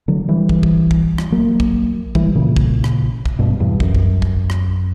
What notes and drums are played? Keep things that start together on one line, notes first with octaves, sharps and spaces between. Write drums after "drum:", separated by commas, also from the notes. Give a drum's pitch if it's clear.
D3 F#3
E3 G3
drum: kick
drum: kick
drum: kick
drum: rim click
F#3 A#3
drum: kick
E3 G3, drum: kick
A#2 C#3
drum: kick
drum: rim click
drum: kick
G2 B2
E2 G2
F#2, drum: kick
drum: kick
drum: kick
drum: rim click